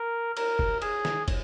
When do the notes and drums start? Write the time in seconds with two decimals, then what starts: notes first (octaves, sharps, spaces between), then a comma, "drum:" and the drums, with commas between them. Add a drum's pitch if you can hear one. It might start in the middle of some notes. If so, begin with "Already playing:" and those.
Already playing: A#4
0.37 A#4, drum: cymbal
0.59 drum: kick
0.82 G#4, drum: cymbal
1.05 drum: snare
1.28 drum: kick, cymbal